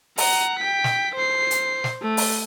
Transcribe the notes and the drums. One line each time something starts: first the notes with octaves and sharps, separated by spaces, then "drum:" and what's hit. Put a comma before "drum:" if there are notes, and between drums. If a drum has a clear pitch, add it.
F#5 A#5, drum: open hi-hat
G5 B6
drum: snare
C5 C7
drum: hi-hat
drum: snare
A3
drum: open hi-hat